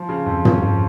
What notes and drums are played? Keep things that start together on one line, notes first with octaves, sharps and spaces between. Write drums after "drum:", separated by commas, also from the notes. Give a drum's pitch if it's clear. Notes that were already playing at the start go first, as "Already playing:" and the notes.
Already playing: F3
C#3
F2
C#4, drum: tom
F3